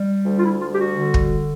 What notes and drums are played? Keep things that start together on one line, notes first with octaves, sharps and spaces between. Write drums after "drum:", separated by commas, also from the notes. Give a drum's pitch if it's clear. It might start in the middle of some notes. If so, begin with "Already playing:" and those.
Already playing: G3
D2
F4
E4
G3 F4
G4
F#4
D3
drum: kick